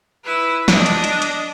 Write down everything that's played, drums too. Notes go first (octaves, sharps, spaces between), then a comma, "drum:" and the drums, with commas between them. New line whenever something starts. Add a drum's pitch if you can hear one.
E4 B4
D4 D#5, drum: snare
drum: hi-hat
drum: hi-hat
drum: hi-hat